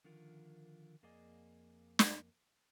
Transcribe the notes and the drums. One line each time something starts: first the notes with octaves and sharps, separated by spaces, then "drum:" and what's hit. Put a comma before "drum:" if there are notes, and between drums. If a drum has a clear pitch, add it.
D3 D#3 F3 F4 A#4
F2 A#3 G#4 D5 D#5 G#5
drum: snare